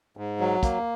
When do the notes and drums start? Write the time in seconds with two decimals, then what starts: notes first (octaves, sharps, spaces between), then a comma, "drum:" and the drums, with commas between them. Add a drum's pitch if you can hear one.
0.17 G#2
0.40 F#3
0.63 A#3, drum: kick, hi-hat